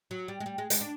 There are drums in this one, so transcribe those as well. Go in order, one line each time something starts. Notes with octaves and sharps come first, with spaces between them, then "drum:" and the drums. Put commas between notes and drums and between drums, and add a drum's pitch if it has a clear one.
F#3
G3
G#3
G3
G#3
G#3, drum: hi-hat
D4